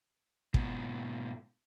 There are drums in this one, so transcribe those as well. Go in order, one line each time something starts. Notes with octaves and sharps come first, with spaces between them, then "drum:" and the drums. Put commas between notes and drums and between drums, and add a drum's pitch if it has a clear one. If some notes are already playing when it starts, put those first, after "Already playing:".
G#2 B2, drum: kick